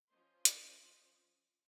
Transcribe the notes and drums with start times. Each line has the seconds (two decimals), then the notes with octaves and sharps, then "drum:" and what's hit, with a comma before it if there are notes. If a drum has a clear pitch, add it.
0.11 F3 C#4 F4 C5 D#5 C6
0.45 drum: hi-hat